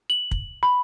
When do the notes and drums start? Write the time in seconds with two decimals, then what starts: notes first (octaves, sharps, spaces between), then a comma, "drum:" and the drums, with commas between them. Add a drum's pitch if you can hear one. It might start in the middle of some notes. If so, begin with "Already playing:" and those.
0.10 F#7
0.31 drum: kick
0.63 B5